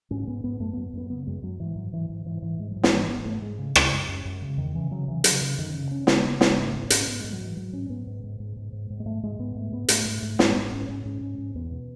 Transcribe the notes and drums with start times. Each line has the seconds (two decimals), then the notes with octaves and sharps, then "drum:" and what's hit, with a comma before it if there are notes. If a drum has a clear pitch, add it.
0.11 G#2 C#4
0.27 G#2 B3
0.44 G#2 B3
0.60 F#2 A3
0.73 F#2 B3
0.93 F#2 B3
1.09 C#3 B3
1.27 F#2 G#3
1.43 F#2 F#3
1.59 G#2 E3
1.76 G#2 F#3
1.92 G#2 E3
2.10 G#2 E3
2.25 G#2 E3
2.42 G#2 E3
2.59 G#2 G#3
2.71 F#3
2.76 G#2
2.83 D#3, drum: snare
2.92 G#2 E3
3.09 G#2 B3
3.25 G#2 A3
3.41 G#2 G#3
3.59 C#3
3.75 C#3, drum: rim click
3.92 F#2
4.09 F#2
4.25 F#2
4.42 C#3
4.58 E2 D#3
4.75 C#3 E3
4.91 C#3 F#3
5.08 C#3 E3
5.24 C#3 F#3, drum: hi-hat
5.41 C#3
5.58 F#2 D#3
5.74 C#3
5.91 C#3 C#4
6.07 C#3 B3, drum: snare
6.24 C#3 B3
6.41 C#3 B3, drum: snare
6.57 G#2 A3
6.73 G#2 B3
6.90 G#2 C#4, drum: hi-hat
7.00 C#4
7.07 G#2 B3
7.20 G#2 G#3
7.32 F#3
7.41 G#2 E3
7.57 G#2 F#3
7.73 G#2 C#4
7.89 G#2 B3
8.07 G#2
8.24 G#2
8.40 G#2
8.57 G#2
8.73 G#2
8.90 G#2
9.00 G#3
9.05 G#2 A3
9.23 G#2 G#3
9.39 G#2 B3
9.55 G#2 A3
9.72 G#2 B3
9.88 G#2 A3, drum: hi-hat
10.05 G#2
10.22 G#2
10.39 G#2, drum: snare
10.55 G#2 B3
10.72 G#2 C#4
10.88 G#2 C#4
11.04 G#2 C#4
11.21 G#2
11.38 G#2
11.55 E2 B3
11.72 B2